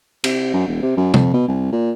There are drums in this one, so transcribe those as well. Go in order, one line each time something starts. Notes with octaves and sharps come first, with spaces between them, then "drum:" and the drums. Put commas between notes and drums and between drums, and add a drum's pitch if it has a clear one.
C3, drum: cymbal
F#2
E1
C3
F#2
F2, drum: tom
B2
C2
A#2